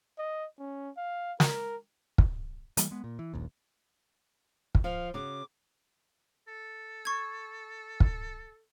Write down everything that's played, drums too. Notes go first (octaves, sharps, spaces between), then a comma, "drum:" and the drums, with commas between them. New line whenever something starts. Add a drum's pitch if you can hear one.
D#5
C#4
F5
A#4, drum: snare
drum: kick
E3 G3 A#3, drum: hi-hat
G#3 B3
A#2
E3
D#1 A#1 D#2
drum: kick
F3 F5
C#3 F#4 D6
A4
C#6 G#6
drum: kick